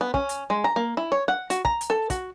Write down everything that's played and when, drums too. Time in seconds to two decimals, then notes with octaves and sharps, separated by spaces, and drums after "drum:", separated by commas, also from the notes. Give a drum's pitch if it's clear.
0.01 B3
0.14 C#4, drum: kick
0.29 drum: hi-hat
0.50 G#3
0.64 A#5
0.76 A#3
0.97 E4
1.12 C#5
1.28 F#5
1.50 F#4, drum: hi-hat
1.65 A#5, drum: kick
1.81 drum: hi-hat
1.90 A4
2.10 F#4, drum: kick, hi-hat